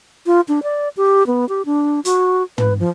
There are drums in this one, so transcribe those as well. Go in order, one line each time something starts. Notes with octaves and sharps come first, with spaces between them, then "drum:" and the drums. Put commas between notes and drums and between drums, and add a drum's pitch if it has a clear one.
F4
D4
D5
G4
B3
G4
D4
F#4, drum: hi-hat
B4, drum: tom
F3